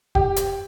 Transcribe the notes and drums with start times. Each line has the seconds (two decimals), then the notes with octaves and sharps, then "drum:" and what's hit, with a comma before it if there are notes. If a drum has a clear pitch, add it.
0.15 G4, drum: kick F1
0.36 drum: hi-hat